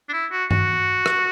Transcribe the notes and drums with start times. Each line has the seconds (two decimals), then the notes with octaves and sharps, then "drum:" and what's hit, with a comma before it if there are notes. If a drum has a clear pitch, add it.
0.09 D4
0.13 E4
0.32 F#4
0.51 F#4, drum: tom G2
1.06 drum: rim click